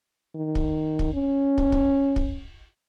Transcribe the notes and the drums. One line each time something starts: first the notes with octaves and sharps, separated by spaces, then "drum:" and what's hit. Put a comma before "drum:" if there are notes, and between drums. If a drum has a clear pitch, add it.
D#3
drum: kick
drum: kick
C#4
drum: kick
drum: kick
drum: kick